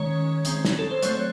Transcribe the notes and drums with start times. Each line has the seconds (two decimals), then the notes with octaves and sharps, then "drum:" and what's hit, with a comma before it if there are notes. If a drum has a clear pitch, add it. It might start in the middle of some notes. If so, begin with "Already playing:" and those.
Already playing: D#3 G#3 C#4 C#5
0.45 D#3 G#3 C4, drum: hi-hat
0.65 drum: snare
0.79 A4
0.91 C5
1.03 F#3 A3 C4 C#5, drum: hi-hat
1.17 C#5